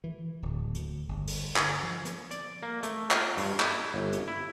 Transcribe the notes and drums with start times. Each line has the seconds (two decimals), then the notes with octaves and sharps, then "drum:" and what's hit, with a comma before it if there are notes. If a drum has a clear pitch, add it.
0.04 E3
0.42 D1
0.74 D2, drum: hi-hat
1.09 G1
1.27 drum: open hi-hat
1.56 D3, drum: clap
1.83 F3
2.05 drum: hi-hat
2.31 D5, drum: hi-hat
2.63 A#3
2.83 A3, drum: hi-hat
3.11 F4, drum: clap
3.37 G2, drum: open hi-hat
3.60 E4, drum: clap
3.94 G1
4.13 drum: hi-hat
4.28 E4